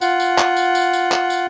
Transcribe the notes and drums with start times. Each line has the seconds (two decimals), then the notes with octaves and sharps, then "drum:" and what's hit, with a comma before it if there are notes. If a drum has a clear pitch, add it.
0.01 F4 F#5, drum: tambourine
0.20 drum: tambourine
0.38 drum: clap
0.57 drum: tambourine
0.75 drum: tambourine
0.93 drum: tambourine
1.12 drum: clap
1.30 drum: tambourine